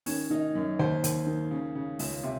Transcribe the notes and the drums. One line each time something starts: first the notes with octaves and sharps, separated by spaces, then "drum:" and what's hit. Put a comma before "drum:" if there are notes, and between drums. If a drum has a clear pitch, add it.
D#3 C#4, drum: open hi-hat
D#3 D#4
F#2
D#2 C5
D#2, drum: hi-hat
D#3
C#3
C#3
C#2, drum: open hi-hat
C3